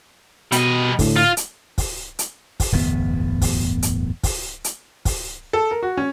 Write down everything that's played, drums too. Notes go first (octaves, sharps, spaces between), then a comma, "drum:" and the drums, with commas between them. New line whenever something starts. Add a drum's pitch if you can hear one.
B2 G3 D#5, drum: hi-hat
A2 D3, drum: kick, open hi-hat
F4
drum: hi-hat
drum: kick, open hi-hat
drum: hi-hat
drum: kick, open hi-hat
D1 G1 E2 B3
drum: kick, open hi-hat
drum: hi-hat
drum: kick, open hi-hat
drum: hi-hat
drum: kick, open hi-hat
A4
A#4
F#4
C#4